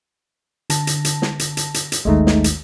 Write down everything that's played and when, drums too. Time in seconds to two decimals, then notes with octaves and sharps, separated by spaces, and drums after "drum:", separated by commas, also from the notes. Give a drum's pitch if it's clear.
0.70 D3 A5 A#6, drum: hi-hat
0.87 drum: hi-hat
1.05 drum: hi-hat
1.22 drum: snare
1.39 drum: hi-hat
1.57 drum: hi-hat
1.74 drum: hi-hat
1.92 drum: hi-hat
2.05 A1 D#2 D#3 G#3 A3 D#4
2.27 drum: snare
2.44 drum: hi-hat